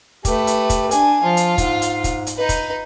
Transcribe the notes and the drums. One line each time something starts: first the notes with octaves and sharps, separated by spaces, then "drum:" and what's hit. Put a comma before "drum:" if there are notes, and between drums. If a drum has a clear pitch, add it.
A3 G4 B4, drum: kick, hi-hat
drum: hi-hat
drum: kick, hi-hat
D4 G#5, drum: hi-hat
F3 F4
drum: hi-hat
G#2, drum: kick, hi-hat
drum: hi-hat
drum: kick, hi-hat
drum: hi-hat
D#4 B4
drum: kick, hi-hat